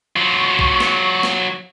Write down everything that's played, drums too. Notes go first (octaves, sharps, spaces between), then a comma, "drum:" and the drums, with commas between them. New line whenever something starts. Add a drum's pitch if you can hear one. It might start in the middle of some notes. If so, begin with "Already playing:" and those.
F#3 F4 C#6
drum: kick A#1
drum: snare
drum: snare